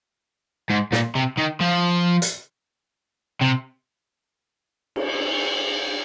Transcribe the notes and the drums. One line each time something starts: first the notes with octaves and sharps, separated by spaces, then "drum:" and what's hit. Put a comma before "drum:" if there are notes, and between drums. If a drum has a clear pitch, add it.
G#2
A#2, drum: snare
C3
D#3
F3
drum: hi-hat
C3
drum: cymbal